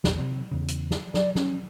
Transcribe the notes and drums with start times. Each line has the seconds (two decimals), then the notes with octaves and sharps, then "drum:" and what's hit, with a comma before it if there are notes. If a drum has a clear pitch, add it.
0.04 A#1 E2 B2, drum: snare
0.18 C3
0.51 E2 C#3
0.68 drum: hi-hat
0.91 drum: snare
1.14 F#3 D5, drum: snare
1.35 C#4, drum: snare